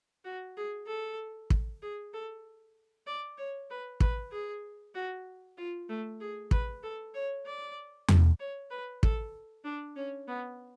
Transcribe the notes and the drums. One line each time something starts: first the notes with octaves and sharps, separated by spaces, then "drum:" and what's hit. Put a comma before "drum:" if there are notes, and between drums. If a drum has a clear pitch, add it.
F#4
G#4
A4
drum: kick
G#4
A4
D5
C#5
B4
B4, drum: kick
G#4
F#4
F4
A3
G#4
B4, drum: kick
A4
C#5
D5
drum: tom E2
C#5
B4
A4, drum: kick
D4
C#4
B3